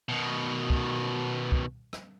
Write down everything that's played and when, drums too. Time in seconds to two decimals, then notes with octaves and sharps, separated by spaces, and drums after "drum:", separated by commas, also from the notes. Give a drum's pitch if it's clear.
0.09 B2 D#3
0.70 drum: kick
1.52 drum: kick
1.93 drum: rim click